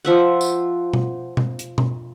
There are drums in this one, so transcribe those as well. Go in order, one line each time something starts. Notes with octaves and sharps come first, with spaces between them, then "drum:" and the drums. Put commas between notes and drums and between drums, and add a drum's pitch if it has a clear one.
F3 E5 F#5
drum: tambourine
drum: tom B2
drum: tom B2
drum: hi-hat
drum: tom B2